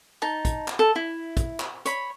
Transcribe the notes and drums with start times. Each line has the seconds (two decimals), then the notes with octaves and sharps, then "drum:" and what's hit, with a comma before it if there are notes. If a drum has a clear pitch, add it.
0.22 D#4 A5
0.45 drum: kick, hi-hat
0.68 drum: clap
0.79 A4
0.96 E4
1.37 drum: kick, hi-hat
1.60 drum: clap
1.85 C#5 B5, drum: hi-hat